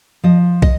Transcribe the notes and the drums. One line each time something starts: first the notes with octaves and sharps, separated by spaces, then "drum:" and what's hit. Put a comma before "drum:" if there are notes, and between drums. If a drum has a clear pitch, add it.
F3 D#5
D#5, drum: kick